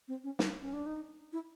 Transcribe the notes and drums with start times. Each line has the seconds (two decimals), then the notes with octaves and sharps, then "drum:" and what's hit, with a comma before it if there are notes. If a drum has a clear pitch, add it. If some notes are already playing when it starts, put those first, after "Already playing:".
0.08 C4
0.24 C#4
0.39 D4, drum: snare
0.61 C#4
0.74 D4
0.86 D#4
1.33 E4